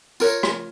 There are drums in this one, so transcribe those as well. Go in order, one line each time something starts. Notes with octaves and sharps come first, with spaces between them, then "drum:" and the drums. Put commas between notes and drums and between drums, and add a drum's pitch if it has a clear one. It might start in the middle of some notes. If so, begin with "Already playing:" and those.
F4 A#4 C#5, drum: tambourine
drum: rim click